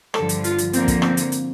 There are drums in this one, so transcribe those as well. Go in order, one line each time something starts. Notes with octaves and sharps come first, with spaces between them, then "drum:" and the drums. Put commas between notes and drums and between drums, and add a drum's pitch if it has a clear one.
G2 D3 F3 A4, drum: rim click
drum: hi-hat
F4, drum: hi-hat
drum: hi-hat
D3 F3 A#3 C4, drum: hi-hat
drum: kick, hi-hat
C4, drum: rim click
drum: hi-hat
drum: hi-hat